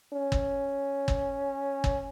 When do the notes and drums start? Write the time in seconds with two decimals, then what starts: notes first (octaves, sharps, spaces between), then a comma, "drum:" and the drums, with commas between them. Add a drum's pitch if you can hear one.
0.13 C#4
0.32 drum: kick G1
1.08 drum: kick G1
1.84 drum: kick G1